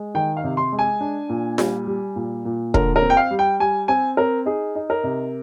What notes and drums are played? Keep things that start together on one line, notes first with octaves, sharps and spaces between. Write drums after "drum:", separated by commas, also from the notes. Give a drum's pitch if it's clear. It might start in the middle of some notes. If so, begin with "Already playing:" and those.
Already playing: G#3
D#3 G5
F5
C3
C6
G#3
G#5
D4
A#2
G3, drum: snare F4
G3
A#2
A#2
D3 A#4, drum: kick
A#4
C4
G5
F5
G3
G5
G3 G#5
C4 G#5
C4 A#4
D#4 G#4
D#4
A#4
C3